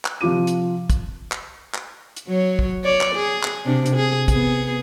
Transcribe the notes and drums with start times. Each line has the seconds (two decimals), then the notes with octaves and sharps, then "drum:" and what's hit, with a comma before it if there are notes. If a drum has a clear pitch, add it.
0.05 drum: clap
0.21 C3 F3 F4 D6 D#7
0.47 drum: hi-hat
0.90 drum: kick, hi-hat
1.32 drum: clap
1.74 drum: clap
2.17 drum: hi-hat
2.27 F#3 C#5
2.59 drum: kick
2.84 C#5 D5
3.01 drum: clap
3.15 G#4
3.43 drum: clap
3.65 C3 D4
3.86 drum: hi-hat
3.96 G#4
4.28 B3 G#4, drum: kick, hi-hat